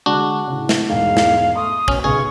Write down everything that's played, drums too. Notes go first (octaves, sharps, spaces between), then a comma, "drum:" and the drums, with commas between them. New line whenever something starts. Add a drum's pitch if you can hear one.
D3 G#3 D4 F#4
A2 C#3
drum: snare
E1 G#2 F5 G5
drum: snare
A3 C6 C#6 D#6
B2 C#4, drum: kick
B1 C#3 G#4 B4 C#6